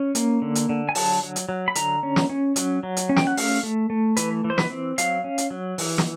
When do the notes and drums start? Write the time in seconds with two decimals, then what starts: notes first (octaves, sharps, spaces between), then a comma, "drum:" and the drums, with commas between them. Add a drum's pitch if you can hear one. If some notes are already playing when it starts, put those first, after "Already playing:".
Already playing: C#4
0.15 A#3, drum: hi-hat
0.42 D3
0.55 drum: hi-hat
0.69 D3
0.89 G#5
0.95 F#3 A5, drum: open hi-hat
1.23 F#3
1.36 drum: hi-hat
1.49 F#3
1.68 B5
1.75 D3 A#5, drum: hi-hat
2.03 C#4
2.16 drum: snare
2.30 C#4
2.56 F#3, drum: hi-hat
2.83 F#3
2.97 drum: hi-hat
3.09 C#4
3.16 G5, drum: snare
3.27 F#5
3.37 A3 F5, drum: open hi-hat
3.63 A3
3.90 A3
4.17 E3 B4, drum: hi-hat
4.44 E3
4.50 C5
4.58 B4, drum: snare
4.70 C4
4.98 F#3 F5, drum: hi-hat
5.24 C#4
5.38 drum: hi-hat
5.51 F#3
5.78 E3, drum: open hi-hat
5.98 drum: snare